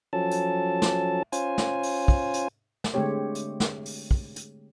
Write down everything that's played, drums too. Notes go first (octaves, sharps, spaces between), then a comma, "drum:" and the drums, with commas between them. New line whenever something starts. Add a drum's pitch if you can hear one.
F3 F#3 C#4 A4 A5
drum: hi-hat
drum: snare
C#4 F4 C5 G#5, drum: hi-hat
drum: snare
drum: open hi-hat
drum: kick
drum: hi-hat
drum: snare
D3 G#3 A3 C4 G4 C#5
drum: hi-hat
drum: snare
drum: open hi-hat
drum: kick
drum: hi-hat